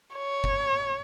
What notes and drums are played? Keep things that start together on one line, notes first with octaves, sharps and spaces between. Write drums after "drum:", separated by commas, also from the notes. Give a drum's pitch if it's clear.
C#5
drum: kick F#1